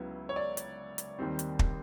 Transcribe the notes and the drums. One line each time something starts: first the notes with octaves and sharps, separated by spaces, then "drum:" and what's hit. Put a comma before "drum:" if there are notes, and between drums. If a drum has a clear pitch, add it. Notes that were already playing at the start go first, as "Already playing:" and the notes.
Already playing: C#2 C#3 F#3 B3 E4
C#5
D5
drum: hi-hat
drum: hi-hat
D#2 D#3 G3 C4
drum: hi-hat
drum: kick